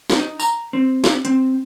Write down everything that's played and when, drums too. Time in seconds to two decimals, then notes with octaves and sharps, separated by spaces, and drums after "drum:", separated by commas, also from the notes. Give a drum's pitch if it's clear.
0.10 drum: snare
0.19 D#4
0.40 A#5, drum: tambourine
0.73 C4
1.04 drum: snare
1.25 C4, drum: hi-hat